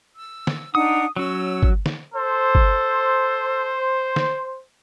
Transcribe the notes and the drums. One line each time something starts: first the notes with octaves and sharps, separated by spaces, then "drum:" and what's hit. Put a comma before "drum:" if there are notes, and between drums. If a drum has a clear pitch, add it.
E6
drum: snare
D4 D#4 F#5 D#6
F#3 C#4 F#4 E6
drum: kick G1
drum: snare
A4 C5
drum: kick G1
drum: snare